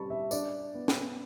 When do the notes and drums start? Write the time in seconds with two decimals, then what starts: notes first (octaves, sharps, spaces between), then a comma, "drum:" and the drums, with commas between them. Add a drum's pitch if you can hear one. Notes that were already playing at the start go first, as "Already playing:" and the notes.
Already playing: G3 C#4 A5 B5 C#6
0.10 E5
0.31 D4 D5, drum: tambourine
0.75 B3
0.88 drum: snare